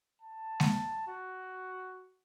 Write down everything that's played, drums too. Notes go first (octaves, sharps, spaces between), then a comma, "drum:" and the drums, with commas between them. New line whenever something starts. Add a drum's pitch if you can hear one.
A5
drum: snare G#3
F#4